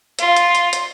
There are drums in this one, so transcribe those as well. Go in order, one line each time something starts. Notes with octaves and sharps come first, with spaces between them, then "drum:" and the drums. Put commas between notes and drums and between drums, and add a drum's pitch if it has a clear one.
F4, drum: hi-hat
drum: hi-hat
drum: hi-hat
drum: hi-hat